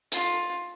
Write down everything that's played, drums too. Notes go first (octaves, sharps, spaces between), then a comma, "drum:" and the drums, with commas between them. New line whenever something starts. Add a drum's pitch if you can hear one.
F4, drum: hi-hat